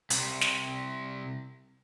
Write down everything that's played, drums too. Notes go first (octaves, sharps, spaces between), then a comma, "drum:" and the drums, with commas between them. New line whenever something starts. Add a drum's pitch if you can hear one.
C2 C3, drum: hi-hat
drum: snare